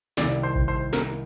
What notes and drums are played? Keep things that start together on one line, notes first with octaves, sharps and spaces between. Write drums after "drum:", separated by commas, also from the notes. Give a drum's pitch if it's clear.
C2 C3 D#3 G3 D5, drum: snare
C5
drum: kick A1
C5
A#4, drum: snare